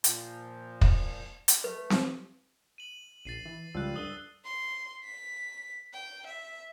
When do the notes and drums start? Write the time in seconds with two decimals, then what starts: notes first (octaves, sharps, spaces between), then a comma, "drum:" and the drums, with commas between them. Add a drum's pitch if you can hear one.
0.04 A#2 F3, drum: hi-hat
0.81 drum: kick
1.48 drum: hi-hat
1.64 A3 B4
1.90 drum: snare C4
2.78 D#7 F#7
3.25 A#1 A6 C7 D#7
3.45 E3
3.74 C#2 F3 G3 E6 F#6
3.96 G2 D3 D#6 D#7 G7
4.44 C6
5.04 B6
5.94 G5
6.27 E5